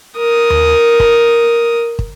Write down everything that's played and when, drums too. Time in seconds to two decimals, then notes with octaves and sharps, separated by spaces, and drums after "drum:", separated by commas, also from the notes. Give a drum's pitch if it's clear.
0.17 A#4 D#6
0.50 drum: tom D#2
1.00 drum: kick
1.99 drum: kick